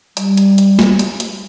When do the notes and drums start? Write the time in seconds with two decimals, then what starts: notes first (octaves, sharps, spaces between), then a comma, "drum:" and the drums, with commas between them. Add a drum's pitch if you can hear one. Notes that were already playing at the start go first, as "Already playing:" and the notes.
0.17 G3, drum: hi-hat
0.37 drum: hi-hat
0.58 drum: hi-hat
0.79 drum: snare
0.99 drum: hi-hat
1.20 drum: hi-hat